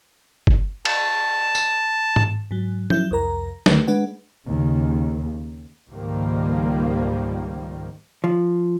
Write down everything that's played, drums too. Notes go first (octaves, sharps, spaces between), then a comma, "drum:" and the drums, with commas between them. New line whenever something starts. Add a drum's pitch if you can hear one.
drum: kick G1
A5, drum: cymbal
drum: tambourine
drum: tom G#2
G#2 F#3
F#3 E4 G6, drum: tom F3
C2 F2 A#4 A#5
D2 D3 D#3 A3 A#4 B4, drum: snare
G#3 D4 B4 F#5
D#2 C#3
C#2 G#2 D#3 F3 G3 A#3
F3